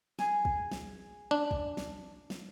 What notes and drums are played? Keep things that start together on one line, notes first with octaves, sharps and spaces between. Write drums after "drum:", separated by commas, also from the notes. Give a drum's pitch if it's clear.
G#4, drum: snare
drum: kick
drum: snare
D4
drum: kick
drum: snare
drum: snare